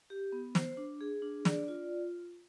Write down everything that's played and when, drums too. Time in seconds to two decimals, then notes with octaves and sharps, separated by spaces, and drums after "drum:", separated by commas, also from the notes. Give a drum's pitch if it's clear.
0.10 G4
0.32 B3
0.55 C5, drum: snare
0.77 D4
1.01 G#4
1.22 D4
1.45 D5, drum: snare
1.68 F4